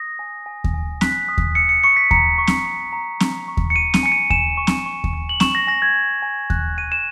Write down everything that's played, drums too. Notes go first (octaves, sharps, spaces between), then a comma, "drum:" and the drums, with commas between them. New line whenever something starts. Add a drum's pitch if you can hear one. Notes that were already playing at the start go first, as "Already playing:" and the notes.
Already playing: D#6 A#6
G#5
G#5
drum: kick D#2
G#5
F#6 B6, drum: snare C4
D#6
drum: kick D#2
E6 C#7
C#7
C#6 C#7
B6
A#5 C#7, drum: kick D#2
C#6
drum: snare C4
C#6
A#5
A#5, drum: snare C4
C#6
drum: kick D#2
C#7
C#6 D#7
D#7, drum: snare C4
G#5 C#7
D#7
G#5 E7, drum: kick D#2
C#6
drum: snare C4
C#6
drum: kick D#2
C#6
F#7
C#6 E7, drum: snare C4
A#6
G#5 A#6
G#6
G#5
G#5
F#6, drum: kick D#2
G#5 D#7
E7